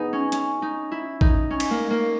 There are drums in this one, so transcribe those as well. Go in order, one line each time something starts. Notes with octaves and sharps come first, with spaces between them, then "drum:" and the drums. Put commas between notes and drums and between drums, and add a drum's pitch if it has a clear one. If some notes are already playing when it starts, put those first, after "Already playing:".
Already playing: B3 D#4 G#4
C#4
C#4, drum: hi-hat
D#4
E4
D#4, drum: kick
C#4
drum: cymbal
A#3
A#3